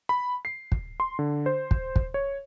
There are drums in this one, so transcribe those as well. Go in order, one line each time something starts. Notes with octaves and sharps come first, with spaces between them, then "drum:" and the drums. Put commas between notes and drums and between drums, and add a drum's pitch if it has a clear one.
B5
C7
drum: kick
C6
D3
C5
drum: kick
drum: kick
C#5